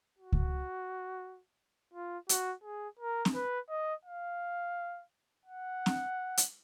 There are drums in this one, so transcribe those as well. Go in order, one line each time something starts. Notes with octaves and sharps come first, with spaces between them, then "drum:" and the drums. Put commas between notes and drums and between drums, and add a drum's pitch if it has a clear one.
F#4
drum: kick C#2
F4
F#4, drum: hi-hat
G#4
A#4
drum: snare
B4
D#5
F5
F#5
drum: snare
drum: hi-hat